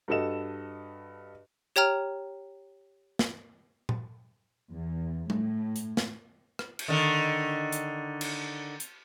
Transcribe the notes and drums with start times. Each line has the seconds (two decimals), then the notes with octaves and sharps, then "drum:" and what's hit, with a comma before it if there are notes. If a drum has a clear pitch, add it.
0.08 G2 F#4 A4 D#5 E7
1.76 G4 C#5 G5 A#5 F6
3.19 drum: snare
3.89 drum: tom A#2
4.71 E2
5.30 A2, drum: tom G3
5.76 drum: hi-hat
5.97 drum: snare
6.59 drum: rim click
6.79 drum: cymbal
6.88 D3 D#3
7.72 drum: hi-hat
8.21 drum: cymbal
8.80 drum: hi-hat